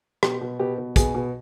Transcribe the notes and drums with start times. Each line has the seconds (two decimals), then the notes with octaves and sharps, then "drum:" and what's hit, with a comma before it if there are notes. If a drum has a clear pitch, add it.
0.23 B2 G4, drum: rim click
0.41 B2
0.59 B2 G4
0.78 B2
0.96 B2 G#4, drum: kick, hi-hat
1.15 B2